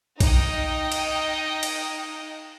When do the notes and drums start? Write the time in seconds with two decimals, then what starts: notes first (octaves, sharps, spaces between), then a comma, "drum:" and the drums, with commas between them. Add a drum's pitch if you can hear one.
0.20 D#4 D#5 G5, drum: kick A#1, cymbal
0.92 drum: cymbal
1.63 drum: cymbal